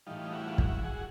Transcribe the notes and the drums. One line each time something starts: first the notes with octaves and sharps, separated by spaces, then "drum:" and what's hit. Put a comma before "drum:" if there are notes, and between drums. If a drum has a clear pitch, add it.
A2 E3 G3 D#4 F4
E4 F#4
F4
E4 F#4, drum: kick
F#4 G#4